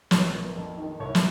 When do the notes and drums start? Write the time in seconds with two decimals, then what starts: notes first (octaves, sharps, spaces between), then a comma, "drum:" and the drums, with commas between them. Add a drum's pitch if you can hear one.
0.11 A#1 C#5, drum: snare
0.33 A#2
0.56 F2
0.78 D#3
1.00 C2 C#5
1.15 drum: snare